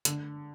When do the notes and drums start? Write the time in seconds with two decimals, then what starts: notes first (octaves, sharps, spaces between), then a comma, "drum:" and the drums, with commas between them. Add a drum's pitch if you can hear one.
0.05 D3, drum: hi-hat